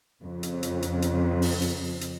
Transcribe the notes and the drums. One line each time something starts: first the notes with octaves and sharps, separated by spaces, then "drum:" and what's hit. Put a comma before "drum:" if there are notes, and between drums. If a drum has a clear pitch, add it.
F2 C#3
drum: hi-hat
drum: hi-hat
drum: hi-hat
drum: hi-hat
drum: open hi-hat
drum: hi-hat
drum: hi-hat